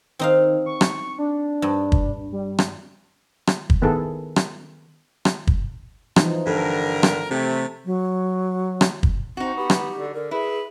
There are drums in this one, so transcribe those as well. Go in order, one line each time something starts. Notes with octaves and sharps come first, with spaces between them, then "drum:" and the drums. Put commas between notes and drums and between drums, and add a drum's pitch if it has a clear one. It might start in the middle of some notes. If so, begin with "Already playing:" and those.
D#3 C4 D#4 F5
C#6
drum: rim click
D4
G2
drum: kick
G3
drum: rim click
drum: rim click
drum: kick
D#3 B3 E4 G#4 A4 B4
drum: rim click
drum: rim click
drum: kick
E3 F3 D#4, drum: rim click
G2 D3 A4 A#4
drum: rim click
C3 A3
F#3
drum: rim click
drum: kick
C4 D#4 F#4
B3 G4
drum: rim click
D3
D3 A#4
E4 G#4 B4